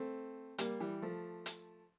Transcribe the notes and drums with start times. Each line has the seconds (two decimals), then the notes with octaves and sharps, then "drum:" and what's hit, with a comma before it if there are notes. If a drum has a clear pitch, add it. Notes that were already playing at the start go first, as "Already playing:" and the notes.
Already playing: A3 C4
0.58 G3 A#3, drum: hi-hat
0.80 E3 G3
1.02 F3 A3
1.46 drum: hi-hat